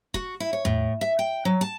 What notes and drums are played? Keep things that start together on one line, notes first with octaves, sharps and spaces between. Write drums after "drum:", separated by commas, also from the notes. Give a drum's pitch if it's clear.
F#4, drum: kick
E4
C#5
A2, drum: tom E2
E5
G5
F#3
A5